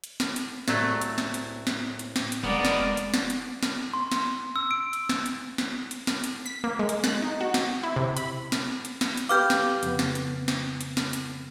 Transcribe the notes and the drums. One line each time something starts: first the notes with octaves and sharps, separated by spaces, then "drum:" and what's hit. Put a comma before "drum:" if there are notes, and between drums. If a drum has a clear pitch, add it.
drum: hi-hat
drum: snare
drum: hi-hat
C2 A2 F#3 A3, drum: snare
drum: hi-hat
drum: snare
drum: hi-hat
drum: snare
drum: hi-hat
drum: snare
drum: hi-hat
F1 G#3 B3 A#4 D5
drum: snare
drum: hi-hat
drum: snare
drum: hi-hat
drum: snare
C6
drum: snare
E6
D7
drum: hi-hat
drum: snare
drum: hi-hat
drum: snare
drum: hi-hat
drum: snare
drum: hi-hat
B6
A#3
G#3
drum: hi-hat
F#6, drum: snare
D#4
F#4
drum: snare
E4
C3
B5, drum: hi-hat
drum: snare
drum: hi-hat
drum: snare
drum: hi-hat
G4 B4 F5 D6 F6 G6
drum: snare
F2 C#3 B3, drum: hi-hat
drum: snare
drum: hi-hat
drum: snare
drum: hi-hat
drum: snare
drum: hi-hat